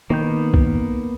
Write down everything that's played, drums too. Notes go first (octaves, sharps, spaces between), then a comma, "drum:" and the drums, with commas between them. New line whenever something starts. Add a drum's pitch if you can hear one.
D#3 A#3 B3 G6
drum: kick B1